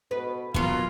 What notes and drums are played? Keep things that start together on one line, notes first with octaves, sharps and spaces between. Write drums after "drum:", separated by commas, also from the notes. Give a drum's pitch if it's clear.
B2 B4
B2 F#3 A#3 F4, drum: kick